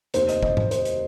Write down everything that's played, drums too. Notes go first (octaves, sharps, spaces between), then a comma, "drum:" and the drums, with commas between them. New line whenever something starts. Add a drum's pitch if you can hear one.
F1 D#2 D#3 C5, drum: hi-hat
D#5, drum: hi-hat
D#5, drum: kick
drum: tom G#2
C5, drum: hi-hat
drum: hi-hat